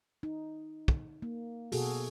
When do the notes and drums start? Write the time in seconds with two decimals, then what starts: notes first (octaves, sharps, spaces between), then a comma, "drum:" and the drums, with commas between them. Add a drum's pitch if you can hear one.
0.23 D#4
0.88 drum: kick
1.22 A#3
1.72 B2 F#4 G#4 A4, drum: open hi-hat